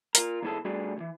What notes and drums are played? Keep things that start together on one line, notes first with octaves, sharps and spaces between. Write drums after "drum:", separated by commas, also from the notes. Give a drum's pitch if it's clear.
F4 A#4, drum: hi-hat
E2 G#2 E3 G#3 A4
G3 A3 B3 D4 F#4 G#4
C#2 E3